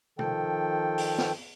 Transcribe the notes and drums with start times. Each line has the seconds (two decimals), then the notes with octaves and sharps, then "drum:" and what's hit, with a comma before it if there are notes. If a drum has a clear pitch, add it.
0.19 D#3 F3 A4 G5, drum: tom C3
0.98 drum: open hi-hat
1.18 drum: snare